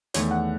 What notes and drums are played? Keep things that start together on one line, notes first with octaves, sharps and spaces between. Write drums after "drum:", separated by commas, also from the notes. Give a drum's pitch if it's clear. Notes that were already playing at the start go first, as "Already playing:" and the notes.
E2 D#3 A3 C#5, drum: hi-hat
F#5